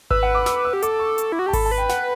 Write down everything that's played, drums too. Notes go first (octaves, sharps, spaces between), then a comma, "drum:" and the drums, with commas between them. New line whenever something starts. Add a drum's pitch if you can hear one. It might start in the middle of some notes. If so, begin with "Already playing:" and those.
B4 E6, drum: kick G#1
F#5
D6
E6, drum: snare
E6
G4
A4 D6, drum: hi-hat
C#6
drum: hi-hat
E4
F#4
G4 A5
A4 B5, drum: kick G#1, open hi-hat
A5
B4
G5
F#5, drum: snare